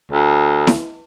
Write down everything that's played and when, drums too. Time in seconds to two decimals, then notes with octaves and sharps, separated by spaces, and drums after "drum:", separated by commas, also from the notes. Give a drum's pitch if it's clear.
0.12 D2
0.67 drum: snare E4